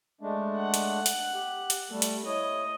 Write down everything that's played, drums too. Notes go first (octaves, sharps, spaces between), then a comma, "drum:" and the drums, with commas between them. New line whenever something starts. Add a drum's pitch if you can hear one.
G#3 A3 D4
F#5
drum: hi-hat
drum: hi-hat
G4
drum: hi-hat
G3 A3
drum: hi-hat
E4 C#5 D#5